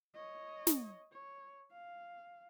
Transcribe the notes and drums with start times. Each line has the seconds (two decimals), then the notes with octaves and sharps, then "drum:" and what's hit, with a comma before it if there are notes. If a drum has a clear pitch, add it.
0.15 C#5 D#5
0.67 drum: snare
1.12 C#5
1.73 F5